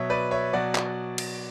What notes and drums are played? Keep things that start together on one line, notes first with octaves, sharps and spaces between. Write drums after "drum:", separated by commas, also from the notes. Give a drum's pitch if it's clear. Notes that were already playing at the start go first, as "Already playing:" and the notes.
Already playing: B2 F#3 C#5 E5
B4 D5
C#5 E5
B2 F#3 D5 F#5
drum: clap
drum: cymbal